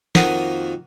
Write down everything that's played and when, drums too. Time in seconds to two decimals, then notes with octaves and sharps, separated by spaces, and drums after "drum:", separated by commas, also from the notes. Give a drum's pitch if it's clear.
0.15 F2 D#3 F3 A#3 F#4 D#6, drum: snare